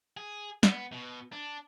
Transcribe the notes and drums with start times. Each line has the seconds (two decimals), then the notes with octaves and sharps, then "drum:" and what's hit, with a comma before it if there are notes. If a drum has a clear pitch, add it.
0.17 G#4
0.63 B3, drum: snare
0.93 B2
1.32 D4